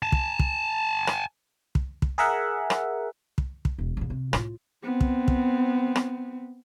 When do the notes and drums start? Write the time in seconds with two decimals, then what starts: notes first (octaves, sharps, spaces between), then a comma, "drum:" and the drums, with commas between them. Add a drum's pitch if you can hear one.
0.03 G#5 A5
0.12 drum: kick
0.39 drum: kick
1.07 drum: rim click
1.75 drum: kick
2.02 drum: kick
2.18 G#4 A#4 E5 F#5
2.70 drum: rim click
3.38 drum: kick
3.65 drum: kick
3.79 E1
3.97 E2 A#2
4.10 C3
4.33 A2 F4, drum: rim click
4.83 B3 C4
5.01 drum: kick
5.28 drum: kick
5.95 drum: rim click